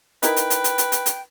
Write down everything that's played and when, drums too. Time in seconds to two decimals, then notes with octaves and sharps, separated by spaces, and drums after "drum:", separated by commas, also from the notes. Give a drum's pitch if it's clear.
0.23 D#4 E4 A#4 B4 G5, drum: hi-hat
0.36 drum: hi-hat
0.50 drum: hi-hat
0.64 drum: hi-hat
0.78 drum: hi-hat
0.92 drum: hi-hat
1.06 drum: hi-hat